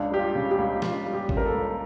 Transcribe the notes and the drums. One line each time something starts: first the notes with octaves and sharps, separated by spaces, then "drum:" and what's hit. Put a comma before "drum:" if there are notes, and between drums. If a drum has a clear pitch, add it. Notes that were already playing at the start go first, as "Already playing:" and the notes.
Already playing: C#2 D4
G3 G4
F4
C#3
G4
C#2
C#2 F4, drum: snare
G3
G4
C#3, drum: kick A1
A#4
A4
C#2